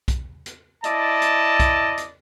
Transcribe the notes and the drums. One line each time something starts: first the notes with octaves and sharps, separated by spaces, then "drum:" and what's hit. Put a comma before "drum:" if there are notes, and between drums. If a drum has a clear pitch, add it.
drum: kick B1, hi-hat
drum: hi-hat
E4 D5 D#5 A5, drum: hi-hat
drum: hi-hat
drum: kick B1, hi-hat
drum: hi-hat